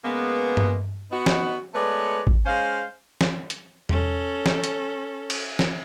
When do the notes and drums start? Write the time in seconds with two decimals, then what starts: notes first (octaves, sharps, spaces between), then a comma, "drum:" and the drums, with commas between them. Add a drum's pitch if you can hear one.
0.05 C#3 G#3 A#3 B3
0.57 drum: tom G2
1.12 B3 D#4 F#4
1.26 drum: snare
1.75 G#3 A3 B3 B4 C#5 D5
2.27 drum: kick
2.46 G#3 C#4 C5 F5
3.21 drum: snare
3.50 drum: hi-hat
3.89 C#4 A4, drum: tom E2
4.46 drum: snare
4.64 drum: hi-hat
5.30 drum: cymbal
5.59 drum: snare